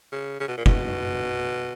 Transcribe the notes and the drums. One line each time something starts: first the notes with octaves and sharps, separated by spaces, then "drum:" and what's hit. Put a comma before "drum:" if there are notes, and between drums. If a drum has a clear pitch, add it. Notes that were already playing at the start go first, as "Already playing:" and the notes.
C#3
C#3
B2
A#2
B2, drum: kick